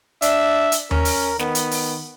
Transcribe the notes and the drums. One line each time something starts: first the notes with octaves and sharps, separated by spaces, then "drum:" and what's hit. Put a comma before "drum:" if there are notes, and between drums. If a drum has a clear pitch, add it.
D4 E5, drum: hi-hat
drum: hi-hat
C#4 A#4, drum: tom D#2
drum: open hi-hat
D#3 B3, drum: snare
drum: hi-hat
drum: open hi-hat